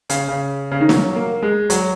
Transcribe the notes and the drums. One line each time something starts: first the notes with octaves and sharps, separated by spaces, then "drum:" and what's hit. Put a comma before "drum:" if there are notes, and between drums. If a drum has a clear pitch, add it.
C#3, drum: hi-hat
C#3
C#3
D#3
F#3, drum: snare
A#3
G#3
F#3, drum: hi-hat